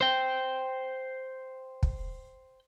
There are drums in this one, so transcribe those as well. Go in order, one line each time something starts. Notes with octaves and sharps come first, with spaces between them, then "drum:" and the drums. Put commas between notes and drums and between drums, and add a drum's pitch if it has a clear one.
C5 G5
drum: kick